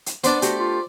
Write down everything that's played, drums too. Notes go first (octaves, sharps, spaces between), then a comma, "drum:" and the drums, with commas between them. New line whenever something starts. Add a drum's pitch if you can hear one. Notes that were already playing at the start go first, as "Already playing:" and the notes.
drum: hi-hat
B3 D4 C5 D5, drum: hi-hat
A3 F#4 G4, drum: hi-hat
F4